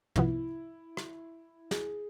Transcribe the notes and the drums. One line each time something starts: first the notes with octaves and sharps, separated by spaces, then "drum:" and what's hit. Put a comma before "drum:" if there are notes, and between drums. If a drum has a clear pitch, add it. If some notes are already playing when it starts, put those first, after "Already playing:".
C2 C3 F3 B3 E4, drum: tom
drum: rim click
G#4, drum: snare